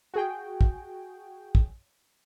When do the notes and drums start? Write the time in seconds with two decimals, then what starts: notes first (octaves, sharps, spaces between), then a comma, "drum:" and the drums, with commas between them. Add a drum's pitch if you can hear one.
0.14 F#4 G#4 G5
0.61 drum: kick
1.55 drum: kick